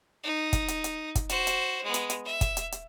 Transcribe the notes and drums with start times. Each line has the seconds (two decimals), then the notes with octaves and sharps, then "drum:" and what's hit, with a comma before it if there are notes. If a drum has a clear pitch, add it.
0.24 D#4
0.53 drum: kick, hi-hat
0.68 drum: hi-hat
0.84 drum: hi-hat
1.15 drum: kick, hi-hat
1.29 F#4 C5, drum: hi-hat
1.47 drum: hi-hat
1.84 G#3 B3
1.94 drum: hi-hat
2.10 drum: hi-hat
2.25 E5
2.41 drum: kick, hi-hat
2.57 drum: hi-hat
2.72 drum: hi-hat